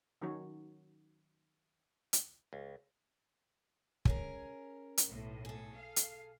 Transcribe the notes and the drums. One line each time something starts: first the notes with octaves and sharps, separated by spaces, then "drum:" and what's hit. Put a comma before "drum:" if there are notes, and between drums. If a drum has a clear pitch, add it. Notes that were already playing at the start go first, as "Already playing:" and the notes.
D#3 F#3 C#4 D#4 F#4 C#5
drum: hi-hat
C#2
C#4 G#4 A#4, drum: kick
drum: hi-hat
B1 A2
G#4 A4
F5
drum: hi-hat